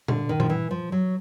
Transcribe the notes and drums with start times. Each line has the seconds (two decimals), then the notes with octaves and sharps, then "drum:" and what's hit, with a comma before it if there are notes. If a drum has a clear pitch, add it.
0.08 D3, drum: tom A#2
0.29 D#3
0.40 F3, drum: tom A#2
0.50 E3
0.71 F3
0.92 F#3